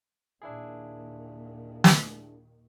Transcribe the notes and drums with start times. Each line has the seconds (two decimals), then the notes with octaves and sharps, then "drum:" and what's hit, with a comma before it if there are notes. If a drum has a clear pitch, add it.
0.42 D#2 A#2 D#3 D4 E4 G#4
1.84 drum: snare